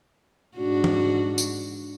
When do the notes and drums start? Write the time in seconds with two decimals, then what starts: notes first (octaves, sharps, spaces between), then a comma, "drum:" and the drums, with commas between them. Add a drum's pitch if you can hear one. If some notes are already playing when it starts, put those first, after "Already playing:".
0.57 G#2 D4 F#4
0.84 drum: tom E3
1.38 drum: tambourine